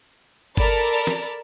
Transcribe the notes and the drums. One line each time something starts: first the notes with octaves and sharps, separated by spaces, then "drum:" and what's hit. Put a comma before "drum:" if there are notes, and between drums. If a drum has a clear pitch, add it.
A4 A#4 D5 A5 B5, drum: kick G1
drum: snare